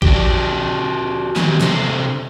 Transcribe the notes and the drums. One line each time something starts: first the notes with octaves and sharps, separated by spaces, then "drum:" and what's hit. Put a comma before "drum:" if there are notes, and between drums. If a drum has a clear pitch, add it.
D4 F#4 G4, drum: kick A1
D#3 B3 F#4 G4 G#5, drum: snare
C3 D4 A4 C5, drum: snare